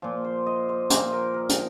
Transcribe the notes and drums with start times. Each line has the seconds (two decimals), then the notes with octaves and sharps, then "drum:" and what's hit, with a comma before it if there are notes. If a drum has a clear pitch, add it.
0.02 A#2 F3
0.24 C5
0.46 D#5
0.69 C5
0.90 A#2 F3 C5, drum: hi-hat
1.13 A#4
1.34 A#4
1.49 drum: hi-hat